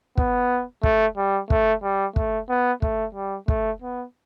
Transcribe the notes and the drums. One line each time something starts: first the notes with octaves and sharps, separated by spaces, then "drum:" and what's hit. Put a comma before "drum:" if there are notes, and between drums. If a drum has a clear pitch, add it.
B3, drum: kick
A3, drum: kick
G3
A3, drum: kick
G3
A3, drum: kick
B3
A3, drum: kick
G3
A3, drum: kick
B3